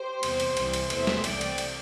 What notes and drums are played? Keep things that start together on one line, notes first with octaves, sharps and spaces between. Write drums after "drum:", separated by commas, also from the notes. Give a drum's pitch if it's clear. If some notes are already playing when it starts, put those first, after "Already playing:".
Already playing: G4 C5
E2 C3 G3, drum: cymbal
drum: cymbal
C2 C3 E3 G3, drum: cymbal
drum: cymbal
E2 E3 A3 C5 E5, drum: cymbal
drum: snare
C2 C3 A3 D5 G5, drum: cymbal
drum: cymbal
drum: cymbal